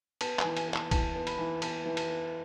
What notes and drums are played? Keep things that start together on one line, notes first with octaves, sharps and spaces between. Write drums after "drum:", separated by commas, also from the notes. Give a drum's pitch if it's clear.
B3 A5, drum: cymbal
G#5, drum: clap
E3
G#5, drum: cymbal
B3
A5, drum: clap
E3 A5, drum: kick A1, cymbal
B3
B5, drum: cymbal
E3
B3 A5, drum: cymbal
E3
A5, drum: cymbal
B3